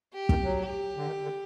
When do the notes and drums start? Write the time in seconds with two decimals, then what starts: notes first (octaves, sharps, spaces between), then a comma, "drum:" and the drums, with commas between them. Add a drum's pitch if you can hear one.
0.13 G4
0.29 D#3, drum: kick
0.44 F#3
0.60 G4
0.97 D3
1.07 D#3
1.23 D3